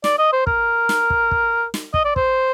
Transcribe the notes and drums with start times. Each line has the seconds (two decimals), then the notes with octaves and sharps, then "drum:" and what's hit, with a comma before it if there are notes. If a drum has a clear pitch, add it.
0.04 D5, drum: snare
0.18 D#5
0.33 C5
0.47 A#4, drum: kick
0.89 drum: snare
1.10 drum: kick
1.31 drum: kick
1.74 drum: snare
1.94 D#5, drum: kick
2.05 D5
2.16 C5, drum: kick